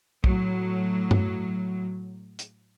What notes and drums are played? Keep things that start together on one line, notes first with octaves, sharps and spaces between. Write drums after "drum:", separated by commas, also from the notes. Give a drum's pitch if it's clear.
A2 F#3, drum: kick
drum: tom G2
drum: hi-hat